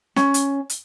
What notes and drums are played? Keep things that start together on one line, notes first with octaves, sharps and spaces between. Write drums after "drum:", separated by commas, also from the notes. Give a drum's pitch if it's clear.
C#4, drum: snare
drum: hi-hat
drum: hi-hat